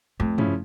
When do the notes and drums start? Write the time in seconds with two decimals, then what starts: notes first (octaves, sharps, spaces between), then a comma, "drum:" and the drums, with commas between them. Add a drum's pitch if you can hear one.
0.20 F2 A3
0.38 C#3 F3 C#4 E4, drum: tom